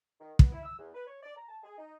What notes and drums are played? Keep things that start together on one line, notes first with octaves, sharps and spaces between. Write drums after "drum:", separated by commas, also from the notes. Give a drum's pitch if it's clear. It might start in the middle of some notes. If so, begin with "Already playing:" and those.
D#3
B3, drum: kick
E4
E6
E2
B4
C#5
D5
A#5
A5
G#4
D#4